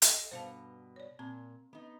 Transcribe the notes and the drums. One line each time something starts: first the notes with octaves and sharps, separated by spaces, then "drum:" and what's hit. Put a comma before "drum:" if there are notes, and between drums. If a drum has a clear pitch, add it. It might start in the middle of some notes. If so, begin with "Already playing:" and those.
A4 D#5 G5, drum: hi-hat
G2 B2 C5 F5 A5
C#5 D5
A#2 C4
B3 D#4